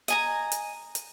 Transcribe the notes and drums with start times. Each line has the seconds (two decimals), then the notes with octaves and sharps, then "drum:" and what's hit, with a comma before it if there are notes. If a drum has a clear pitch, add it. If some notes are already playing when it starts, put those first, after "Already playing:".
0.08 D#5 G#5 A#5, drum: hi-hat
0.52 drum: hi-hat
0.95 drum: hi-hat